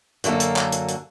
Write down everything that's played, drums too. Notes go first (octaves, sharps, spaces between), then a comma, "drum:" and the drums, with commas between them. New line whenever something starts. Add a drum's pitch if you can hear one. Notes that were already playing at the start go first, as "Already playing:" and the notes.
F#2 D3 F#3 A#3 A4, drum: hi-hat
drum: hi-hat
drum: clap
drum: hi-hat
drum: hi-hat